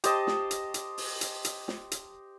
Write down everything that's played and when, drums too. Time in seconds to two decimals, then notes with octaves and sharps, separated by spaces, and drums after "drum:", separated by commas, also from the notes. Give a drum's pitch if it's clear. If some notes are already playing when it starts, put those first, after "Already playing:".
0.04 G4 C5 D#5 A5, drum: hi-hat
0.27 drum: snare
0.51 drum: hi-hat
0.74 drum: hi-hat
0.98 drum: open hi-hat
1.21 drum: hi-hat
1.45 drum: hi-hat
1.68 drum: snare
1.92 drum: hi-hat